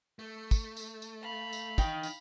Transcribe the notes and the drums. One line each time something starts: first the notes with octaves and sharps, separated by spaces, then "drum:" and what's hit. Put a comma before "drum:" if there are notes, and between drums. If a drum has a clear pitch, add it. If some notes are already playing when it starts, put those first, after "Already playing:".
A3
drum: kick, tambourine
drum: tambourine
drum: tambourine
F5 B5
drum: tambourine
D#4 G5, drum: kick, tambourine
drum: tambourine